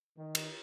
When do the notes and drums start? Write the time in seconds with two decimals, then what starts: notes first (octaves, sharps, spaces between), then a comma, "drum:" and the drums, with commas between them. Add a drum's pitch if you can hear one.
0.17 D#3
0.35 drum: cymbal